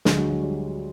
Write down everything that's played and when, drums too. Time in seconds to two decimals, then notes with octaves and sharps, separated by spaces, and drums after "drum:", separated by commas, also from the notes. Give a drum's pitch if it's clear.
0.05 D2 D3 G#3, drum: snare
0.17 F#3
0.30 F#3
0.42 G3